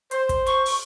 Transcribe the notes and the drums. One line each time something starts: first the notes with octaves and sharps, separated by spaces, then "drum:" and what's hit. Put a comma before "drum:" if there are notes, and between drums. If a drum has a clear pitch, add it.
C5, drum: hi-hat
drum: kick, hi-hat
C#6, drum: hi-hat
drum: open hi-hat